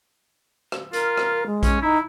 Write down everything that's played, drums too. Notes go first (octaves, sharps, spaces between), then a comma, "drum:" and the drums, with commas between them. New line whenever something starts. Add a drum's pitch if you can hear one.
drum: rim click
F4 A#4, drum: hi-hat
drum: rim click
G#3
C#4, drum: kick A#1, hi-hat
D#4 E4